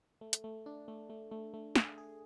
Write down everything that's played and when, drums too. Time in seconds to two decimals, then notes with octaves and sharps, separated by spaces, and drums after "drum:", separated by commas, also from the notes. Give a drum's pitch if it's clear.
0.21 A3
0.33 drum: hi-hat
0.44 A3
0.66 D4
0.88 A3
1.10 A3
1.31 A3
1.54 A3
1.76 G#4, drum: snare
1.98 G#4